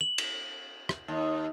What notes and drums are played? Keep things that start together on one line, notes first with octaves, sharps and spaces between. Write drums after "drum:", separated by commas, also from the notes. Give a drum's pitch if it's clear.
F#7
drum: cymbal
drum: rim click
D#2